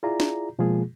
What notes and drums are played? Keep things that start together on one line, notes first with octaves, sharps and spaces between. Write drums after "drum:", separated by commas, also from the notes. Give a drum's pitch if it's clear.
E4 F4 G#4 D5 A#5
drum: snare
B2 F3 G#3 A#3 F4 G#4